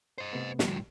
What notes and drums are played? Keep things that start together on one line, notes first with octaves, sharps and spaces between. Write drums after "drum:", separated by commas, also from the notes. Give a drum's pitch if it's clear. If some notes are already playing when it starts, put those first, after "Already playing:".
C5 D#5
C3 A3 B3
A2 D3 F3 G3 F#4, drum: snare